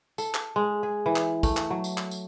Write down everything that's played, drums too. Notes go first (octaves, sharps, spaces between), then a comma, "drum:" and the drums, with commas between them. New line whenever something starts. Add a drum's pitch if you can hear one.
A4, drum: tambourine
drum: clap
G#3
G#4
E3
drum: clap
A3, drum: kick, tambourine
drum: clap
F#3
drum: tambourine
drum: clap
drum: tambourine